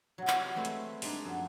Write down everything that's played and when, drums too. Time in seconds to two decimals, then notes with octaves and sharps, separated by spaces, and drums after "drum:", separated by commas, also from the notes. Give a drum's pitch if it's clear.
0.18 C3 F#3
0.28 drum: clap
0.56 G#3 A3 C4 B4 C5 E5
0.65 drum: hi-hat
1.02 G3 G#3 D4 D#4, drum: open hi-hat
1.25 F#2 F3